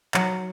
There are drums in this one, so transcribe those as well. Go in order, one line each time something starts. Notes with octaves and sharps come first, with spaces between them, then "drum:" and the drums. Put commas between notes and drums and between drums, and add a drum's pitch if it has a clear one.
F#3, drum: clap